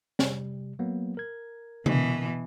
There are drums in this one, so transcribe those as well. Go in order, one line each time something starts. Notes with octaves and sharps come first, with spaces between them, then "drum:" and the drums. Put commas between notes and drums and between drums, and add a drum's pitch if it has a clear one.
C3 G3, drum: snare
F#3 A#3 B3
A#4 G#6
B2 E3, drum: tom C3